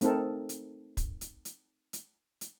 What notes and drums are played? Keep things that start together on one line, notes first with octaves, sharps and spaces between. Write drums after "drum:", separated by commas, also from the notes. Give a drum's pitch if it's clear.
A3 C4 D#4 A4 A#4, drum: hi-hat
drum: hi-hat
drum: kick, hi-hat
drum: hi-hat
drum: hi-hat
drum: hi-hat
drum: hi-hat